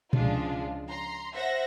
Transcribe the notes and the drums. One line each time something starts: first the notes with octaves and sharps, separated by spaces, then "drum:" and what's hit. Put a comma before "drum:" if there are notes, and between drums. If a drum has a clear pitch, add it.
C#2 F3 G#3 D4 F4, drum: tom A#2
A#5 C6
C5 E5 F#5 A#6